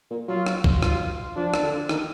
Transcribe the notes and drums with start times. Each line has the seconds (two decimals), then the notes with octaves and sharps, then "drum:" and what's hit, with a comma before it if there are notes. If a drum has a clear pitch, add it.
0.10 A#2
0.28 F#3 F4
0.46 drum: rim click
0.64 drum: kick
0.82 F4, drum: rim click
1.36 F3 D4
1.54 drum: rim click
1.63 D3
1.89 D#3, drum: rim click